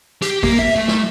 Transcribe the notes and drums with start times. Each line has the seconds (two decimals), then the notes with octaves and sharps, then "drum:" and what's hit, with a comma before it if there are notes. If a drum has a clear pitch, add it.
0.22 G4, drum: hi-hat
0.43 A#3, drum: kick, open hi-hat
0.59 E5
0.76 A3
0.88 drum: snare